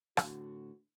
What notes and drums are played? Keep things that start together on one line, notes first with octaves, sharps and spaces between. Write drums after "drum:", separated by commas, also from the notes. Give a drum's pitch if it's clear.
A2 D3 F#4, drum: rim click